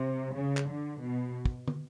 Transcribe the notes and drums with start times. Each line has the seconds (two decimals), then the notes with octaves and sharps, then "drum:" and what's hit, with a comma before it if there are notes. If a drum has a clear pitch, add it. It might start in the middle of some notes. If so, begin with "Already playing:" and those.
Already playing: C3
0.35 C#3
0.57 drum: clap
0.67 D3
1.01 B2
1.45 drum: kick
1.68 drum: tom